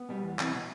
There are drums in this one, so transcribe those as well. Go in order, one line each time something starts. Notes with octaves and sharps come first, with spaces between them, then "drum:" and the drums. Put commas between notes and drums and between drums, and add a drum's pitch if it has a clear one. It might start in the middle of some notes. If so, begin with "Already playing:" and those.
Already playing: B3
B2 G3
E2
C3 E3, drum: clap
B2